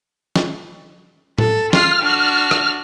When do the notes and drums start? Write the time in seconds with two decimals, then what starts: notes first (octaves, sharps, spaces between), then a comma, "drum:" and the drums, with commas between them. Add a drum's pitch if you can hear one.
0.36 drum: snare
1.38 A4, drum: tom A2
1.73 F4 F6 C7, drum: snare
2.02 D4 F#4
2.51 drum: rim click